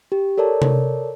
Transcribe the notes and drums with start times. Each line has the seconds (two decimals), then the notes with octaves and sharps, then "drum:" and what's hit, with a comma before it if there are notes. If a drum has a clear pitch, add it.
0.12 G4
0.38 A4 A#4 C#5 D5 A5
0.62 drum: tom C3